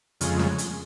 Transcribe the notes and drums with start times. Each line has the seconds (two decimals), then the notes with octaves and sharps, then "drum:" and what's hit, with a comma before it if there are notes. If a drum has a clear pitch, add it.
0.21 F2 C#3 G#3, drum: hi-hat
0.39 drum: snare
0.58 drum: hi-hat